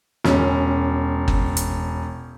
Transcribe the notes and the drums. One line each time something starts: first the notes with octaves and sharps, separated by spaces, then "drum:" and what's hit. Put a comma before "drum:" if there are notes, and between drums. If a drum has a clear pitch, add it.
E1 C#4, drum: snare
drum: kick G1
drum: hi-hat